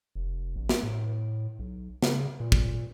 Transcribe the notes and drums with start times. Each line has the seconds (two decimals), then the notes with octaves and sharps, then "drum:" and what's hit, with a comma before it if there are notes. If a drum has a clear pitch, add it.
0.15 F1
0.56 A1
0.69 drum: snare
0.83 A2
1.59 B1
2.02 C#3, drum: snare
2.40 A#2
2.52 drum: kick